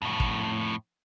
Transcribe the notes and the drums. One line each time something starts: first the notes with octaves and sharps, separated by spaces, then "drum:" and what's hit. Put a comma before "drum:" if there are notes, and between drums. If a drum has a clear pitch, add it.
F2 A2
drum: kick